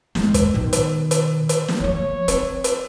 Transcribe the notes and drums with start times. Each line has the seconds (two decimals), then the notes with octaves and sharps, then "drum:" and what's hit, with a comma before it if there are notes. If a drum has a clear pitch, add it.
0.15 G#3, drum: snare
0.34 drum: kick, hi-hat
0.54 B2 D#3
0.73 drum: hi-hat
1.11 drum: hi-hat
1.49 drum: hi-hat
1.68 drum: snare
1.80 F3 A#3 C#5
2.28 C4, drum: hi-hat
2.64 drum: hi-hat